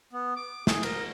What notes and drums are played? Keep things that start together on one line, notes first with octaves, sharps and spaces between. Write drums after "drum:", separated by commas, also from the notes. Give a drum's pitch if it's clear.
B3
D6
G#4, drum: snare
A#4, drum: cymbal